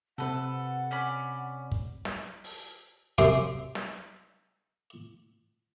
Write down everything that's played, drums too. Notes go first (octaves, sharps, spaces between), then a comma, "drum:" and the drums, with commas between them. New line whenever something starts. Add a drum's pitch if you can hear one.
C3 C4 A4 B4 F#5
C#4 D5 B5
drum: kick
drum: snare
drum: open hi-hat
F#2 C3 C#4 C6 D6, drum: kick
drum: snare